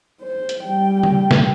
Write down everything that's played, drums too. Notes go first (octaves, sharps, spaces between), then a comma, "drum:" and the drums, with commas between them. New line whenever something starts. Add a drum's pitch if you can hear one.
C5
drum: hi-hat
G3 G5
drum: tom C#3
drum: snare